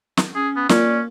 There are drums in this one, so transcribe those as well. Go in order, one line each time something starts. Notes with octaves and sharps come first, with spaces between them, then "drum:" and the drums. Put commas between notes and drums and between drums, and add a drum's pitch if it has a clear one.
drum: snare
C#4 G#4
B3
A#3 C#4 F4 D5, drum: snare